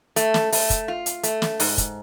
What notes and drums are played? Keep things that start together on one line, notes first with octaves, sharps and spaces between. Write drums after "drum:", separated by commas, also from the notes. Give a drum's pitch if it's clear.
A3, drum: hi-hat
drum: snare
A3, drum: open hi-hat
drum: kick, hi-hat
F4
drum: hi-hat
A3, drum: hi-hat
drum: snare
G#2, drum: open hi-hat
drum: kick, hi-hat